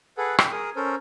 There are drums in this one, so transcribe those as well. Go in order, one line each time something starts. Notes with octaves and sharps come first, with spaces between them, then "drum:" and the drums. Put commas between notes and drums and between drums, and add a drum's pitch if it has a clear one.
G#4 A4 B4 F#5
G5, drum: rim click
G#4 A#4 D#6
C#4 A4 A#4 C5